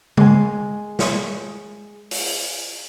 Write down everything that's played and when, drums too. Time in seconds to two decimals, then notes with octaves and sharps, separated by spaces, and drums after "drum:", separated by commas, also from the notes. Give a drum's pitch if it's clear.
0.17 G#3 G#5, drum: tom
0.99 drum: snare
2.11 drum: open hi-hat